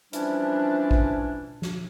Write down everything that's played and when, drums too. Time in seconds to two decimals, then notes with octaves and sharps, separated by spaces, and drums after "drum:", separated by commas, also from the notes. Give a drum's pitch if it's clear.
0.13 C3 E3 F3 G3 C#4 D4, drum: hi-hat
0.91 drum: kick
1.62 drum: snare